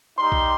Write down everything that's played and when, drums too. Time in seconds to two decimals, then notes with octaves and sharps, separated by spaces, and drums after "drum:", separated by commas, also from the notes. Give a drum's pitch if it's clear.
0.18 G3 D#4 G4 C6
0.32 drum: kick B1